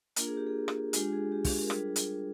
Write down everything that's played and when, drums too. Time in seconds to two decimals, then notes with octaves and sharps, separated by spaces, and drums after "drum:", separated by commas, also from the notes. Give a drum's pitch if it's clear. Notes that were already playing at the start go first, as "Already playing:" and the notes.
0.16 A#3 D4 F4 A#4, drum: hi-hat
0.27 G#4
0.37 G4
0.47 G#4
0.68 drum: rim click
0.93 G#3 D4 F4 G4, drum: hi-hat
1.13 G#4
1.32 G4
1.45 drum: kick, open hi-hat
1.61 A#4
1.70 G3 D4 F4 G#4, drum: rim click
1.96 drum: hi-hat